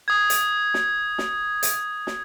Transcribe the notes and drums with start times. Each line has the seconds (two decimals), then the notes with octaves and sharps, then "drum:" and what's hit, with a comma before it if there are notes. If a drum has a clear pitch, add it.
0.08 D#6 G#6
0.30 drum: hi-hat
0.74 drum: snare
1.18 drum: snare
1.63 drum: hi-hat
2.07 drum: snare